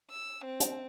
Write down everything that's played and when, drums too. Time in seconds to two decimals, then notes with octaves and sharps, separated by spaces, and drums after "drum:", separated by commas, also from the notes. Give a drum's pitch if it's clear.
0.11 E6
0.45 C4
0.60 drum: hi-hat